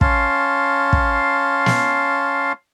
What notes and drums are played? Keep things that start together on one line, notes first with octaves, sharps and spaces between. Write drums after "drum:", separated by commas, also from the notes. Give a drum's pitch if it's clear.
C#4 F5 A5 C6, drum: kick
drum: kick
drum: snare